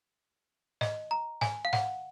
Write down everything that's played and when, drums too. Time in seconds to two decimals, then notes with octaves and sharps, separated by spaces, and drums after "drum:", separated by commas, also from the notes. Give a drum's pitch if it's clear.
0.81 D#5, drum: snare
1.11 A#5
1.41 G#5, drum: snare
1.65 F5
1.73 F#5, drum: snare